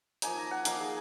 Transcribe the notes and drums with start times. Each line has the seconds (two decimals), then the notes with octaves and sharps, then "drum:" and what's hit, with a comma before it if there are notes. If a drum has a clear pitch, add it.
0.22 F3 A#3 D#4 G#5, drum: hi-hat
0.37 A#5
0.51 F#5
0.65 F3 A#3 D#4 F5, drum: hi-hat
0.80 G#4